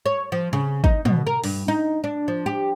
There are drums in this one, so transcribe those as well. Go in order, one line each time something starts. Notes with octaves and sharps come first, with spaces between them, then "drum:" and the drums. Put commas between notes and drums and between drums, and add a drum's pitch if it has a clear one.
C#5
F3
C#3
D#4, drum: kick
B2, drum: tom
A#4
G2, drum: open hi-hat
D#4
D4
F3
G4